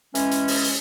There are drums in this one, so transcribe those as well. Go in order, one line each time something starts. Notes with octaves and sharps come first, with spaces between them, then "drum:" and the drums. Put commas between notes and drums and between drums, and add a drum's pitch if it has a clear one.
E3 G#3 C#4, drum: hi-hat
drum: hi-hat
drum: open hi-hat
drum: hi-hat